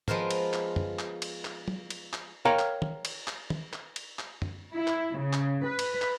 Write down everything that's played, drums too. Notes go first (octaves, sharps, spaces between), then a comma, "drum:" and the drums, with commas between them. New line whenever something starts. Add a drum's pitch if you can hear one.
F3 G#3 B3 F4 A#4 C5, drum: tom
drum: cymbal
drum: clap
drum: tom
drum: clap
drum: cymbal
drum: clap
drum: tom
drum: cymbal
drum: clap
A#4 C#5 F5 G5 A#5
drum: clap
drum: tom
drum: cymbal
drum: clap
drum: tom
drum: clap
drum: cymbal
drum: clap
drum: tom
E4
drum: clap
C#3
drum: clap
B4
drum: cymbal
drum: clap